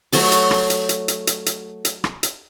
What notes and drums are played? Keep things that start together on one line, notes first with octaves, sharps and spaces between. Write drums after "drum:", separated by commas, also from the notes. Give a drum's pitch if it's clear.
F#3 A3 F#4 D6, drum: open hi-hat
drum: hi-hat
drum: rim click
drum: hi-hat
drum: hi-hat
drum: hi-hat
drum: hi-hat
drum: hi-hat
drum: hi-hat
drum: rim click
drum: hi-hat